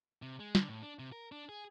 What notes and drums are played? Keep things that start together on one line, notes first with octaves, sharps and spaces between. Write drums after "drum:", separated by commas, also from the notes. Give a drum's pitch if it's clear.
C3
G#3
D3, drum: snare
A2
D4
C3
A#4
D4
G#4